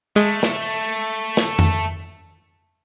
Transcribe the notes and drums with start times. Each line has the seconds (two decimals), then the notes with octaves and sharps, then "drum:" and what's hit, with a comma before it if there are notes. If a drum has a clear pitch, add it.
0.16 G#3 A3, drum: tambourine
0.43 drum: snare
1.37 drum: snare
1.59 drum: tom F2